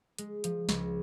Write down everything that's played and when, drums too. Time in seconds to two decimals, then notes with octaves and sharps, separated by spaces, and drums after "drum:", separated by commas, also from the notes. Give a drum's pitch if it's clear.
0.18 G#3, drum: hi-hat
0.44 F3, drum: hi-hat
0.69 C#2, drum: snare